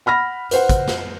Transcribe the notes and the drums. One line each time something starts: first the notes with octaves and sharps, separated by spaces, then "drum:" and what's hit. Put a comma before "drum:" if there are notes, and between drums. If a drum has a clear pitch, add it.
F#5 B5 F6 A#6
B4 C5 F#5, drum: hi-hat
drum: kick, hi-hat
drum: snare